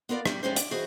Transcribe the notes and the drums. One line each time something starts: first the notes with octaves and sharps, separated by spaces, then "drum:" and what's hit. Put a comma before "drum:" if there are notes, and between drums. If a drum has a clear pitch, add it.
B3 F4 A#4 D5
G3, drum: rim click
F3 G3 G#3 C#4 C5
D4, drum: hi-hat
E3 F#4 G#4 C5 D#5